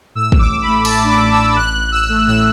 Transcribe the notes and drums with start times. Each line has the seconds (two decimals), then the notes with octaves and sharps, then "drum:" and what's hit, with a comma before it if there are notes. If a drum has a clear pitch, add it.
0.15 A2 E6
0.32 A1, drum: kick
0.39 D6
0.50 A2
0.62 B5
0.67 A3
0.85 A2 A5, drum: cymbal
1.04 D4
1.10 D6
1.21 A1
1.32 E6
1.39 A1
1.56 A1 F#6
1.74 A1
1.92 A1 E6
2.09 A3
2.27 A2 E6